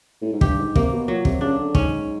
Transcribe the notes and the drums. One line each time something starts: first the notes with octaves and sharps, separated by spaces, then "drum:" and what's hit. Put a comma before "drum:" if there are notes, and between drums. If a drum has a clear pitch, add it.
A2
G#2
G2 G4, drum: kick
G#2
C3 A#3, drum: kick
B2
A#2 F#3
C3, drum: kick
C#3 D4
D3
G#2 C#4, drum: kick